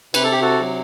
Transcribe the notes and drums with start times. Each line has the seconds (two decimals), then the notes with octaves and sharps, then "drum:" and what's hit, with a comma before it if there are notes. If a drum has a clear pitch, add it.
0.14 C3 B4, drum: cymbal
0.24 A4
0.31 G4
0.41 F#4 A4
0.61 F#3